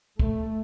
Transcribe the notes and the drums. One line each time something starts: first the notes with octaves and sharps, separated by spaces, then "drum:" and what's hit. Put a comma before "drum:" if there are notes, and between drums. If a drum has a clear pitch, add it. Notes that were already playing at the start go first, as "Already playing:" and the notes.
A3, drum: kick